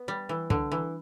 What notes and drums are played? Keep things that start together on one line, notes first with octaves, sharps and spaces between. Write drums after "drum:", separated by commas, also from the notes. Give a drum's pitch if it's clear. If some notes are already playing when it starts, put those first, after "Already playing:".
Already playing: B3
G3
E3
D3, drum: kick
E3